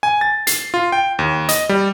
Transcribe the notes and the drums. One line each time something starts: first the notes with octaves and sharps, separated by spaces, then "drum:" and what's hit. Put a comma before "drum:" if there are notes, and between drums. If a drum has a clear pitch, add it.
G#5
A6
C7, drum: hi-hat
F4
G5
D#2
D#5, drum: hi-hat
G3